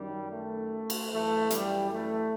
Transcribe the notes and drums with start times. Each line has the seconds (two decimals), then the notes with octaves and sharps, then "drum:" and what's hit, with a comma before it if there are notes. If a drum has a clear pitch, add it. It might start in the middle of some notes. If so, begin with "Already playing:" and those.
Already playing: F#2 D#3 G3
0.31 A3
0.90 drum: cymbal
1.11 F#2 E3 A3
1.50 G3, drum: hi-hat
1.91 A3